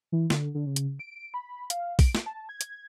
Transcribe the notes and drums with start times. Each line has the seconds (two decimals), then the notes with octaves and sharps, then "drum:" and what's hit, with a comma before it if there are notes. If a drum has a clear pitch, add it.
0.12 E3
0.30 D3, drum: snare
0.55 D3
0.66 C#3
0.76 drum: hi-hat
0.99 D7
1.34 B5
1.70 F5, drum: hi-hat
1.99 D7, drum: kick, open hi-hat
2.15 drum: snare
2.26 A5
2.49 G#6
2.61 drum: hi-hat